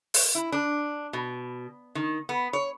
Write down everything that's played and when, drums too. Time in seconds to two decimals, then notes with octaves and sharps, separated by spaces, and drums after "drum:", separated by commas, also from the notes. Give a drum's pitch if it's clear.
0.14 drum: open hi-hat
0.35 E4
0.52 D4
1.13 B2
1.95 D#3
2.29 B3
2.53 C#5